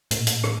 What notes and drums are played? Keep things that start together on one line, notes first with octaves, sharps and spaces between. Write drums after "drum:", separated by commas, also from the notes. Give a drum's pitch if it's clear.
A2, drum: hi-hat
A#2
A2, drum: hi-hat
drum: rim click